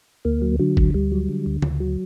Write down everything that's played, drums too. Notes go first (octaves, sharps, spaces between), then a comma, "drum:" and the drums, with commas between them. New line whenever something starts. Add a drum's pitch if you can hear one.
D2 A#3
F#3
D3 F#3
D2, drum: kick G1
D2 G3
F#3
D3
D2
D2, drum: tom C#3
F#3